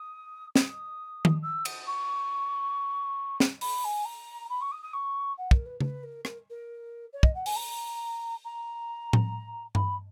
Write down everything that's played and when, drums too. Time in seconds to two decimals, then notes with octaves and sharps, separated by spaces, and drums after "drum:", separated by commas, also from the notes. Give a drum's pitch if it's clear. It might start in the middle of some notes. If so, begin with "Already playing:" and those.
Already playing: D#6
0.56 D#6, drum: snare
1.25 drum: tom D#3
1.43 E6
1.65 D#6, drum: cymbal
1.87 C#6
3.40 drum: snare
3.61 B5, drum: open hi-hat
3.84 G#5
4.05 A#5
4.49 B5
4.61 C#6
4.72 D#6
4.82 D#6
4.93 C#6
5.38 F#5
5.51 A#4, drum: kick
5.66 B4
5.80 B4, drum: tom C#3
6.03 A#4
6.25 A#4, drum: rim click
6.50 A#4
7.13 C#5
7.23 D#5, drum: kick
7.35 F#5
7.46 G#5, drum: open hi-hat
7.56 A#5
8.45 A#5
9.13 drum: tom A2
9.75 B5, drum: tom G2